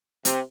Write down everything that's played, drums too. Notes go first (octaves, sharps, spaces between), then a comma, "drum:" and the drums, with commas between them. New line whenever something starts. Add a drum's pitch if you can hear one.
C3, drum: hi-hat